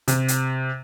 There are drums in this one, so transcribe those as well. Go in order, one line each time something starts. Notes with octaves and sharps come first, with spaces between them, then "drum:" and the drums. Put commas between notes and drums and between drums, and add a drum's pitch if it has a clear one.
C3, drum: hi-hat
drum: hi-hat